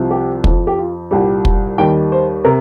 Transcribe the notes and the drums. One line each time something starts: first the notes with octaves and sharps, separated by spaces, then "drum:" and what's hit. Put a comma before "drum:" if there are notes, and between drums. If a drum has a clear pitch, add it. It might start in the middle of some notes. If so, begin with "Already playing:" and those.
Already playing: C2 C3 F3
G4
F2 F3, drum: kick
G4
F4
C2 A#2 G3 G4
drum: kick
D#2 D#3 G3 G5
C5
C3 A#4